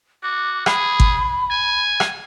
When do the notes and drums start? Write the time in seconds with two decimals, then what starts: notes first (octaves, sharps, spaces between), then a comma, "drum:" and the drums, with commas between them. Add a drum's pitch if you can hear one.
0.23 F#4 D6
0.66 G#4 B5, drum: rim click
1.00 drum: kick
1.51 G#5
2.00 drum: rim click